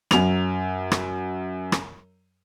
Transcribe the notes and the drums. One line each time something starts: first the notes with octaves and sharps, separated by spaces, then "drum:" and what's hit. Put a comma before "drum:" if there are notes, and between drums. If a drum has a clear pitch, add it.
F#2 F7, drum: rim click
drum: rim click
drum: rim click